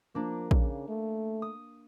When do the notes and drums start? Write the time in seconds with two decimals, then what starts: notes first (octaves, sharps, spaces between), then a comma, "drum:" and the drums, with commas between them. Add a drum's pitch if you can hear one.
0.15 F3 A#3 D4
0.51 C#3, drum: kick A#1
0.88 A3
1.42 D#6